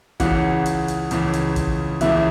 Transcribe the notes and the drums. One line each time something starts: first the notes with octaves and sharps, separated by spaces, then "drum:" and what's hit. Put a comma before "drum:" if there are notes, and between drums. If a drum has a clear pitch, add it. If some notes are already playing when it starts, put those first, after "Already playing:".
C#2 C#3 E3 F#5, drum: kick, hi-hat
drum: hi-hat
drum: hi-hat
C#2 C#3 E3, drum: hi-hat
drum: hi-hat
drum: kick, hi-hat
C#2 C#3 E3 E5, drum: hi-hat